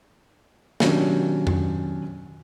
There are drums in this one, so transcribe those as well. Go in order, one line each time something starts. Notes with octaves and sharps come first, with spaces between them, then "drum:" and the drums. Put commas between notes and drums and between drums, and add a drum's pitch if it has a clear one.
B2 D#3 F#3 C#4 D4 G4, drum: snare
drum: tom F2